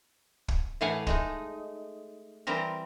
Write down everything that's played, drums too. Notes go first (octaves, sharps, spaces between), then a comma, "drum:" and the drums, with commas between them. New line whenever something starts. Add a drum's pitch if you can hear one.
drum: kick
A2 E3 A3 F5 F#5 G#5
G#3 A3 D#4, drum: kick
E3 G3 C4 A#4